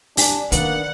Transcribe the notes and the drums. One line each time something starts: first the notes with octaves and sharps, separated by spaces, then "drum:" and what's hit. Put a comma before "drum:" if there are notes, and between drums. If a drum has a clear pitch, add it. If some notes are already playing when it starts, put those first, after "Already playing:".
D4 G4 G#5, drum: open hi-hat
D#3 A#3 B3 D4 F#5, drum: hi-hat